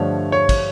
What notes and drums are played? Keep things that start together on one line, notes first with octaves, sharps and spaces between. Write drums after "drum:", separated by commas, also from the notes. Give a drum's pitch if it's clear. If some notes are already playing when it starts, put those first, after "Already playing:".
Already playing: G2 D3 F3 A3 C#5
C#5
drum: kick, cymbal